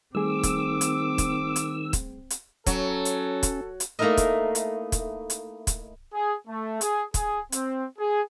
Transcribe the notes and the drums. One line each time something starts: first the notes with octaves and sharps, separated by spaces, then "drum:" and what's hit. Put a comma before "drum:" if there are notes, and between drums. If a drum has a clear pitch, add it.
D#3 G3 A3 C4 G#4 D6 E6
drum: kick, hi-hat
drum: hi-hat
drum: kick, hi-hat
drum: hi-hat
drum: kick, hi-hat
drum: hi-hat
F#3 C#4 A4, drum: kick, hi-hat
drum: hi-hat
drum: kick, hi-hat
drum: hi-hat
A3 A#3 D#4 E4 A#4 D#5
drum: kick, hi-hat
drum: hi-hat
drum: kick, hi-hat
drum: hi-hat
drum: kick, hi-hat
G#4
A3
G#4, drum: hi-hat
G#4, drum: kick, hi-hat
C4, drum: hi-hat
G#4